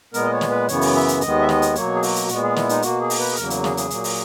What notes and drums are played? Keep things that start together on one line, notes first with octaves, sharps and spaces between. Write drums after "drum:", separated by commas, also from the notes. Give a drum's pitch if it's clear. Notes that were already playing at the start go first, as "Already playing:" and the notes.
A#2 G#3 B3 A#4, drum: hi-hat
D#5
C#5
drum: snare
B4
F#2 C#3 E3 B3 C#5, drum: hi-hat
drum: open hi-hat
E5
drum: hi-hat
D#2 D#3 G#3 B3 D#5, drum: hi-hat
E5
D#5, drum: snare
drum: hi-hat
B2 F#3 A#3 C#5, drum: hi-hat
G#4
F#4, drum: open hi-hat
drum: hi-hat
A#2 G#3 B3 F#4, drum: hi-hat
G#4
E4, drum: snare
D#4, drum: hi-hat
B2 A#3 F#4, drum: hi-hat
G#4
drum: open hi-hat
B4
G#4
E2 C#3 F#3 A#3 A#4, drum: hi-hat
drum: hi-hat
G#4, drum: snare
G#4, drum: hi-hat
A#2 F#3 A#3, drum: hi-hat
drum: open hi-hat